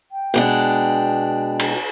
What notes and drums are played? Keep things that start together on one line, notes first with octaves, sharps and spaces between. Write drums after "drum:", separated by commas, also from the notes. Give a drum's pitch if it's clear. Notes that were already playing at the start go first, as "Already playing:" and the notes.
G5
B2 G#3 D4
drum: cymbal